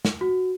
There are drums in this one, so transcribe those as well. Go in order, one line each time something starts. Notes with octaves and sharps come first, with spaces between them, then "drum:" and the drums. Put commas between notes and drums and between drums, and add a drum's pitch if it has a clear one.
drum: snare
F#4